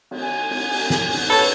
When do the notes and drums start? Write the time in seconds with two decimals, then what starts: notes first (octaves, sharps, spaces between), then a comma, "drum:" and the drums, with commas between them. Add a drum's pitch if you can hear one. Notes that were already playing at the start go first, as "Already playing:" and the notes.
0.11 drum: cymbal
0.22 G#5
0.51 drum: cymbal
0.70 drum: cymbal
0.90 drum: snare
1.10 drum: cymbal
1.30 A4 B4 C#5 A5, drum: cymbal